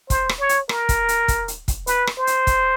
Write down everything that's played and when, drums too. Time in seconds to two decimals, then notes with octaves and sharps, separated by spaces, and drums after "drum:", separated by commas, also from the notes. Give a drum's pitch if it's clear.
0.10 C5, drum: kick, hi-hat
0.29 drum: rim click
0.40 C#5
0.49 drum: hi-hat
0.69 A#4, drum: rim click
0.89 drum: kick, hi-hat
1.09 drum: hi-hat
1.28 drum: kick, hi-hat
1.48 drum: hi-hat
1.68 drum: kick, hi-hat
1.87 B4, drum: hi-hat
2.07 drum: rim click
2.17 C5
2.27 drum: hi-hat
2.47 drum: kick, hi-hat